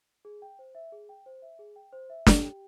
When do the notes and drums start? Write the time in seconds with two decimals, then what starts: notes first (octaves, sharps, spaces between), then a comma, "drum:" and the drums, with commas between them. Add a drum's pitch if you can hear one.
0.25 G#4
0.42 G5
0.59 C5
0.75 E5
0.92 G#4
1.09 G5
1.26 C5
1.42 E5
1.59 G#4
1.76 G5
1.93 C5
2.10 E5
2.27 G4, drum: snare
2.43 G5